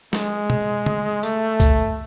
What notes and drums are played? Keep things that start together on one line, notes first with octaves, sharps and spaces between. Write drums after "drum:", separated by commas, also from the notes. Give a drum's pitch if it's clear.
G#3, drum: snare
drum: tom
drum: tom
A3, drum: tambourine
drum: kick C2, tambourine